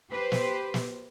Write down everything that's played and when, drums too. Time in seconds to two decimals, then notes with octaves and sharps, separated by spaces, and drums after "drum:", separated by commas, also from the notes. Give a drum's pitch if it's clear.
0.11 G4 B4 C5
0.32 drum: snare
0.74 drum: snare